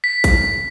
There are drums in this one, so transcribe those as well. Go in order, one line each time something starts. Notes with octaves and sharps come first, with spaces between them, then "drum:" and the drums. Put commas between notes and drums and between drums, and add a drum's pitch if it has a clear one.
B6
drum: kick, hi-hat